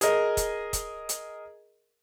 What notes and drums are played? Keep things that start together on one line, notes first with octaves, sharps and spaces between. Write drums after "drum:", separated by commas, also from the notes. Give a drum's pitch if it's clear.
G#4 A#4 D#5, drum: hi-hat
drum: kick, hi-hat
drum: kick, hi-hat
drum: hi-hat